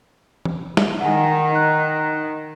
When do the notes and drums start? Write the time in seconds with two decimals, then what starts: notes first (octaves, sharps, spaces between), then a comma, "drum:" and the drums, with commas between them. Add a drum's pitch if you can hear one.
0.45 drum: tom E3
0.77 drum: snare
1.00 D#3 F#5 G#5
1.52 D#4 F#6